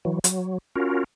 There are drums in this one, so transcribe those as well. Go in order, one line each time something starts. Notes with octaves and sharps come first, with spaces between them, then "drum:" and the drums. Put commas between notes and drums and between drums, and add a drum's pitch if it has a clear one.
E3 F#3
F#3, drum: hi-hat
C#4 F4 F#4 A#4